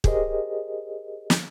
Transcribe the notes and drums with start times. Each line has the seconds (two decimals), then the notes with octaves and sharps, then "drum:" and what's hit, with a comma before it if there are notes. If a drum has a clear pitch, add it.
0.04 G4 G#4 A#4 C5 D#5, drum: kick
1.30 drum: snare